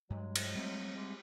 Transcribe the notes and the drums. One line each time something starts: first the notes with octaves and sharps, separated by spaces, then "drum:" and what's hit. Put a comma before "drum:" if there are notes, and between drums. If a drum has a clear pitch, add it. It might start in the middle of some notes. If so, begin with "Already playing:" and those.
G2 F#3 G#3
drum: cymbal
G3 A3 C4
G#3 G4